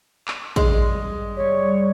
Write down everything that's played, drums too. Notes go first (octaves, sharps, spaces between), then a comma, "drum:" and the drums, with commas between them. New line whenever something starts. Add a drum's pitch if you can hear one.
drum: clap
G2 G#3, drum: kick
G3 G4 C#5